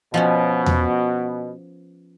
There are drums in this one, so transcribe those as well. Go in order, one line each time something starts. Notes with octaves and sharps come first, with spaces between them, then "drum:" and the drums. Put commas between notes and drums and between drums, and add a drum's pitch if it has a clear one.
B2 F3 B3 C#4
drum: tom E2